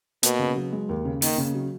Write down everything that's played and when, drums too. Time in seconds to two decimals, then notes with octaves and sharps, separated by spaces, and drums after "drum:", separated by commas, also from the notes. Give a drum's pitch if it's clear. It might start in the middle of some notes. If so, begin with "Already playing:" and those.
0.23 B2 A#3, drum: hi-hat
0.39 C#3
0.56 F#3
0.73 G#3
0.89 D#2
1.05 C#3
1.22 D#3 A#3, drum: open hi-hat
1.38 C#3
1.55 F#3